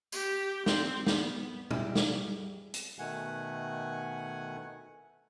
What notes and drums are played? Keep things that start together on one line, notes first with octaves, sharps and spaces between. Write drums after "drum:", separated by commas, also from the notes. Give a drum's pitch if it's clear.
G4, drum: tambourine
C4, drum: snare
B3, drum: snare
G3 G#3 E4, drum: tom
drum: snare
drum: hi-hat
B2 D#3 A3 F#5 G#5